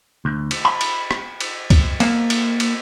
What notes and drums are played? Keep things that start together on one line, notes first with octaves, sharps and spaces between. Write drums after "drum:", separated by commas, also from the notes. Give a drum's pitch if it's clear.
D2
drum: cymbal
B5
drum: cymbal
drum: rim click
drum: cymbal
drum: kick C#2, cymbal
A#3, drum: cymbal
drum: cymbal
drum: cymbal